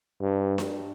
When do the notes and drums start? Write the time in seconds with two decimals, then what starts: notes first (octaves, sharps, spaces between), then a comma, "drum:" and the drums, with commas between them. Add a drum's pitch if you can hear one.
0.21 G2
0.58 drum: snare D4